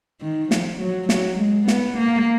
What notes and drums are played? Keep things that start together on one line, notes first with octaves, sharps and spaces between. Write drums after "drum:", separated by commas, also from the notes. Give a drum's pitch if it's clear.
D#3
F3, drum: snare
F#3
F#3, drum: snare
G#3
B3, drum: snare
A#3